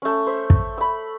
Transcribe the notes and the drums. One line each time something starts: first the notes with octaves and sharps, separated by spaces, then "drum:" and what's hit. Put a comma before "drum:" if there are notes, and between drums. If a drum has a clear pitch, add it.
A3 C#4
C5 E5
drum: kick
B5 E6